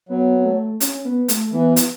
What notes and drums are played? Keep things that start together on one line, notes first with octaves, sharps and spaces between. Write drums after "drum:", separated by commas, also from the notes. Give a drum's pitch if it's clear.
F#3 B3
B3
A3
C#4, drum: hi-hat
B3
A3, drum: hi-hat
E3 B3
drum: hi-hat